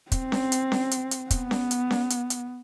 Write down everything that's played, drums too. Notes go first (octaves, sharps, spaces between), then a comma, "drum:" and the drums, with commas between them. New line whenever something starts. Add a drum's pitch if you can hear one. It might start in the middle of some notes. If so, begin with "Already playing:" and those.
C4, drum: kick, hi-hat
drum: snare C#4
drum: hi-hat
drum: snare C#4
drum: hi-hat
drum: hi-hat
B3, drum: kick, hi-hat
drum: snare C#4
drum: hi-hat
drum: snare C#4
drum: hi-hat
drum: hi-hat